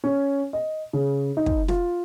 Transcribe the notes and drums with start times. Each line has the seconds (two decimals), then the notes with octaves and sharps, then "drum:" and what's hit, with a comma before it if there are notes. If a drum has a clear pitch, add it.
0.04 C#4
0.53 D#5
0.93 C#3
1.37 D#4
1.46 drum: kick
1.68 F4, drum: snare